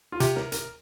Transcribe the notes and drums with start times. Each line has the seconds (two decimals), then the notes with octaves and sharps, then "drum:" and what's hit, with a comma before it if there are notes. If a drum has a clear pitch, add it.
0.12 F4
0.20 C3 G4, drum: hi-hat
0.36 A#4, drum: snare
0.52 A#4, drum: hi-hat